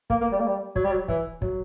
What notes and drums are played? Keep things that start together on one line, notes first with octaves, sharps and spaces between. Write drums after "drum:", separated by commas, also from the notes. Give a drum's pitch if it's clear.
A#3, drum: kick
A#3
G3
A#3
G3
F#3, drum: kick
G3
F#3
E3, drum: kick
F#3, drum: kick